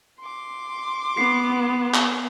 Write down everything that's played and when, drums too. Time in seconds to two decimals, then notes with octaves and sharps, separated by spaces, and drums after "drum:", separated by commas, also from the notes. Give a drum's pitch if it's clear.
0.20 C6 D6
1.17 B3 C7
1.94 drum: clap